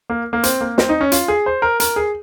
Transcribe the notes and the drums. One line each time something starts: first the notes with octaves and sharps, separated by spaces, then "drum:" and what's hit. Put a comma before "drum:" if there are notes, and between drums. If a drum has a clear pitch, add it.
A#3
A#3
C4, drum: hi-hat
A#3
C4, drum: snare
D#4
C#4
F4, drum: hi-hat
G#4
C5
A#4
A#4, drum: hi-hat
G#4